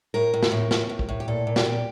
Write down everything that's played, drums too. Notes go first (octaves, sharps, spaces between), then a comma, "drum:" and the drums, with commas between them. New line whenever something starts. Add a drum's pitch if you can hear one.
A2 A#4
A2
drum: snare
A2
A2, drum: snare
A2
drum: kick
A2
G4
A#2 A4
A#2
G4, drum: snare
A#2